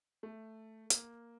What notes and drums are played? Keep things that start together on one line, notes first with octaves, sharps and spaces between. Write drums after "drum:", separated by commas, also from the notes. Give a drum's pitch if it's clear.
A3
A#3, drum: hi-hat